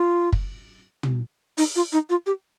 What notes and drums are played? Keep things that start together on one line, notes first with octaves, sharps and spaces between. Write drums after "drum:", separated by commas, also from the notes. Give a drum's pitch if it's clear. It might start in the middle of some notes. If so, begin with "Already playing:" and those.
Already playing: F4
drum: kick
drum: tom
D#4, drum: open hi-hat
F4
D#4
F4
G4